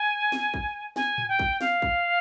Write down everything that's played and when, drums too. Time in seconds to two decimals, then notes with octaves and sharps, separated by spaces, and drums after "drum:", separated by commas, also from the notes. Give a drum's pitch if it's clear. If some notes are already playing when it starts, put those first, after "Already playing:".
Already playing: G#5
0.32 drum: snare
0.54 drum: kick
0.96 G#5, drum: snare
1.18 drum: tom A2
1.29 G5
1.39 drum: kick
1.61 F5, drum: snare
1.82 drum: kick